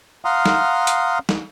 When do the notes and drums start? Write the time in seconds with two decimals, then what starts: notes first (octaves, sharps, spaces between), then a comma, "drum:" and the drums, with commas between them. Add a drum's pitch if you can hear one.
0.25 F5 F#5 A#5 C6 D#6 F6
0.46 drum: snare
0.87 drum: hi-hat
1.29 drum: snare